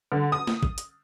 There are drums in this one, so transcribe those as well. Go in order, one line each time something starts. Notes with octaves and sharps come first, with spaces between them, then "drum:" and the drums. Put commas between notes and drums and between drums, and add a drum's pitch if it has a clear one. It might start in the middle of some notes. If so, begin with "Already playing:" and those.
D3
D#6
drum: snare
drum: kick
drum: hi-hat